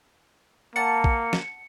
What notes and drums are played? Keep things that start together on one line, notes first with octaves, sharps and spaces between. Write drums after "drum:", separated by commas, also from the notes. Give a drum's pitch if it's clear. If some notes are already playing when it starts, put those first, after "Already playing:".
A#3 F#5 A5 C#7
drum: kick A#1
drum: snare